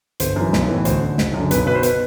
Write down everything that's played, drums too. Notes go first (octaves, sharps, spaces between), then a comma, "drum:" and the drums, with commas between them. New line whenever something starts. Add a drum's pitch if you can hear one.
G1 C5, drum: hi-hat
F#2 E3
B1, drum: snare
A2 E3
D2 C5, drum: hi-hat
D3
F#1, drum: snare
F#2 D3
B1 B4, drum: hi-hat
B2 B4
C5
B4, drum: hi-hat